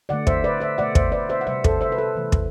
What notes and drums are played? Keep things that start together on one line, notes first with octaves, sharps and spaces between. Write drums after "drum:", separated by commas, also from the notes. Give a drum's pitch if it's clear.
D3 A3 D5 F#5
C5 E5, drum: kick
B4 D5
C5 E5
B2 A3 D5 F#5
C5 E5, drum: kick
B4 D5
C5 E5
F#5
C3 G3 C5 E5
A4 C5, drum: kick
C5 E5
B4
A4 C5
C3 E3 A3
drum: kick